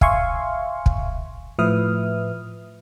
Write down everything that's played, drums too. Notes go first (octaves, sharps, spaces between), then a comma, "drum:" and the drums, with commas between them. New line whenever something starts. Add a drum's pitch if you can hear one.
E5 F5 G#5 C6 C#6, drum: kick
drum: kick
A2 F3 B4 E5 D#6 F6